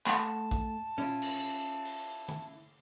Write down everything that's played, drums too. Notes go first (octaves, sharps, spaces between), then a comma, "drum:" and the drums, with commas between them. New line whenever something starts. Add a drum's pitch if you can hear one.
A3 F#5 A5, drum: clap
drum: kick
C#4 E4 F4, drum: tom
drum: cymbal
drum: open hi-hat
drum: tom